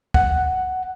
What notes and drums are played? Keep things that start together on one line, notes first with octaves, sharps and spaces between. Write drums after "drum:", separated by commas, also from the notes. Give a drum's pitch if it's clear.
F#5, drum: kick